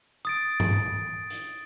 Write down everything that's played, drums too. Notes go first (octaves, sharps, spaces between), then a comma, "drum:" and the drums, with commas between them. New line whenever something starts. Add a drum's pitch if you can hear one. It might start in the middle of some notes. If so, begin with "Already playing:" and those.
D#6 A6 D7
drum: tom G2
drum: hi-hat